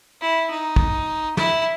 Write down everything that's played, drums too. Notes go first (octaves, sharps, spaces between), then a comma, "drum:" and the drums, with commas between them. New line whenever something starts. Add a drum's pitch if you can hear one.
E4
D#4
drum: kick
E4, drum: snare